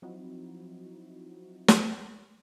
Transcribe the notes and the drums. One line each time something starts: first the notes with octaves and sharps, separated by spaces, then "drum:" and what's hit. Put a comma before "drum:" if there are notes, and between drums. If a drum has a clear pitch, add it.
F3 F#3 C4 D#4 E4 F#4
drum: snare